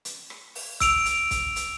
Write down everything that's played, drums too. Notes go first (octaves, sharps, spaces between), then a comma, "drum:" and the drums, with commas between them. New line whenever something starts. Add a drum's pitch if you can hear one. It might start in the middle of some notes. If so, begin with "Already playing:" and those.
drum: hi-hat
drum: rim click
drum: open hi-hat
E6 D7 F7, drum: kick, hi-hat
drum: hi-hat
drum: kick, hi-hat
drum: hi-hat